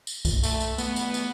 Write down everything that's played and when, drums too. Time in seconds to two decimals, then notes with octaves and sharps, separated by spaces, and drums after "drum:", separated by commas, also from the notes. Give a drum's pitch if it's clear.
0.07 drum: tambourine
0.25 drum: kick C2, tambourine
0.43 A3, drum: tambourine
0.61 drum: tambourine
0.78 A3 B3, drum: tambourine
0.96 drum: tambourine
1.14 drum: tambourine